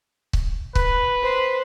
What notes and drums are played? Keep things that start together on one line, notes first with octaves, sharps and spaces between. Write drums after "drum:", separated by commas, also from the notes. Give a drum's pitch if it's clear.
drum: kick C#1
B4, drum: kick C#1
C5